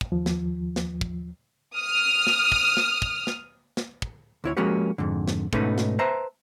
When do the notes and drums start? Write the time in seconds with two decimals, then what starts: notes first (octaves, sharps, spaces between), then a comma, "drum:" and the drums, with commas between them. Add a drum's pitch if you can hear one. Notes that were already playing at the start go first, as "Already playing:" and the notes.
0.01 drum: kick
0.12 D#2 F3
0.26 drum: snare
0.76 drum: snare
1.01 drum: kick
1.75 D#6 F6
2.27 drum: snare
2.52 drum: kick
2.77 drum: snare
3.02 drum: kick
3.27 drum: snare
3.77 drum: snare
4.02 drum: kick
4.44 D2 E4 C#5
4.57 F3 G#3 A#3 C#4 F#4 G4
4.98 F2 G#2 D3
5.28 drum: snare
5.53 G#2 B2 A3 B3 C#4 D#4, drum: kick
5.78 drum: snare
5.99 B4 C5 E5 A5 A#5